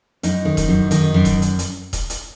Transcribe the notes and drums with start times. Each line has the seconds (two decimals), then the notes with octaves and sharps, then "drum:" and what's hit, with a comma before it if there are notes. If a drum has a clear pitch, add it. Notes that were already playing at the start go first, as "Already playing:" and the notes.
0.23 F#2 D#4, drum: hi-hat
0.45 D#3
0.57 drum: kick D#1, hi-hat
0.68 F#2
0.91 D#3, drum: hi-hat
1.14 F#2
1.25 drum: kick D#1, hi-hat
1.42 drum: hi-hat
1.59 drum: hi-hat
1.93 drum: kick D#1, hi-hat
2.10 drum: hi-hat